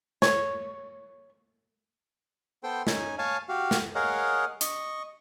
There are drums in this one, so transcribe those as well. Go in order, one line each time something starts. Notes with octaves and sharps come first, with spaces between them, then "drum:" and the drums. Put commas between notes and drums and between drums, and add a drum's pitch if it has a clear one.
C#5, drum: snare
B3 A4 C5 G5 C6
C#4 D#4 G#5, drum: snare
C#5 F5 G#5 A5
F#4 G4 F5
drum: snare
G#4 A#4 C#5 D#5 F5 F#5
D#5 C#6, drum: hi-hat